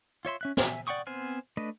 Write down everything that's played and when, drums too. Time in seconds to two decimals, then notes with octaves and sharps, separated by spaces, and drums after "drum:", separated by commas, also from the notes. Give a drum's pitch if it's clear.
0.25 F4 C#5 E5 C6
0.41 C#4 E5 F#6
0.57 E5 G#5, drum: snare
0.87 D5 F#5 G5 C#6 D#6
1.07 B3 C4 C5 G#5 F6
1.57 A3 D4 B4 D#5